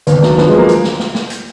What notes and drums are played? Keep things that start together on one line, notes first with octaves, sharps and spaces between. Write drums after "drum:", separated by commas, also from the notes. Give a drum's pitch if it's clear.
D#2 B3, drum: hi-hat
D4
F#3, drum: snare
D4
F3 B3, drum: snare
G#3
F3 A#3
drum: hi-hat
drum: snare
drum: snare
drum: snare
drum: hi-hat